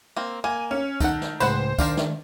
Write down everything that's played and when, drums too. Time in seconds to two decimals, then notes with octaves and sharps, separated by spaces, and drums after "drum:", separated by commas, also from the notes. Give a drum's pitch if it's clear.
0.17 A#3 C4
0.44 A#3 G#5
0.71 C#4
1.00 D#3 A4 F#5, drum: kick, tambourine
1.22 drum: snare
1.40 C#2 A2 G#3 B4 C5 F#5, drum: tambourine
1.78 D#3 D4 A#4 D5 F5, drum: kick, tambourine
1.97 drum: snare